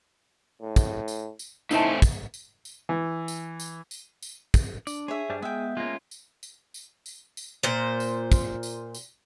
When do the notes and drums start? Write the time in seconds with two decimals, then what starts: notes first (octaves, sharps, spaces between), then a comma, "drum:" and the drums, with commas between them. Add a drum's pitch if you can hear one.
0.62 A2
0.76 drum: kick, tambourine
1.08 drum: tambourine
1.39 drum: tambourine
1.71 A3 C4 C#4 D#4 E4 A5, drum: tambourine
2.02 drum: kick, tambourine
2.34 drum: tambourine
2.65 drum: tambourine
2.89 E3
3.28 drum: tambourine
3.60 drum: tambourine
3.91 drum: tambourine
4.23 drum: tambourine
4.54 drum: kick, tambourine
4.87 D4 D5, drum: tambourine
5.08 G#4 C#5 E5
5.30 G2 G3 D4 C5
5.42 G#3 B3 E5 G5
5.77 G#3 A#3 C#4 F4
6.11 drum: tambourine
6.43 drum: tambourine
6.74 drum: tambourine
7.06 drum: tambourine
7.37 drum: tambourine
7.63 A#2 C5
8.00 drum: tambourine
8.32 drum: kick, tambourine
8.63 drum: tambourine
8.95 drum: tambourine